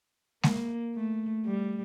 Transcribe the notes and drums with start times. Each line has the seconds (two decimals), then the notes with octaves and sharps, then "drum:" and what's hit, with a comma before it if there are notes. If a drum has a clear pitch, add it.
0.43 A#3, drum: snare G#3
0.95 A3
1.46 G3